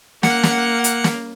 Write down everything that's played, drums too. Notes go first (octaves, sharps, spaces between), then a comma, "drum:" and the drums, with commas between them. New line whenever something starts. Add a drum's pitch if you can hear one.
A#3 F#5 C#7, drum: snare
drum: snare
drum: hi-hat
drum: snare